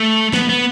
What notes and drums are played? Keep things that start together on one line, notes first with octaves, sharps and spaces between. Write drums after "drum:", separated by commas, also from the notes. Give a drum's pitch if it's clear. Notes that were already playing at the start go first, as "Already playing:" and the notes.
Already playing: A3
B3, drum: snare
B3